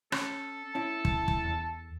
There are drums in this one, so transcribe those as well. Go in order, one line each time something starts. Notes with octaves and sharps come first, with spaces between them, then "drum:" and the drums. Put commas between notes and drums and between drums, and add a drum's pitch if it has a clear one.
C#4 A4, drum: rim click
C#4 E4 A5
drum: kick
drum: kick
E2